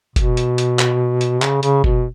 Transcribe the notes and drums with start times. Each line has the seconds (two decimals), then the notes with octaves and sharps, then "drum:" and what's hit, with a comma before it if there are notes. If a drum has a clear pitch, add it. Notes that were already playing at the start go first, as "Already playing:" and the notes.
0.16 B2, drum: kick F#1, hi-hat
0.37 drum: hi-hat
0.58 drum: hi-hat
0.79 drum: clap
1.21 drum: hi-hat
1.42 C#3, drum: clap
1.63 C#3, drum: hi-hat
1.84 B2, drum: kick F#1